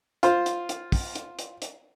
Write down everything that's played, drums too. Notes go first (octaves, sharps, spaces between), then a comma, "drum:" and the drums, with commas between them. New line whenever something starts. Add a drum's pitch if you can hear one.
F4 C5, drum: hi-hat
drum: hi-hat
drum: hi-hat
drum: kick, open hi-hat
drum: hi-hat
drum: hi-hat
drum: hi-hat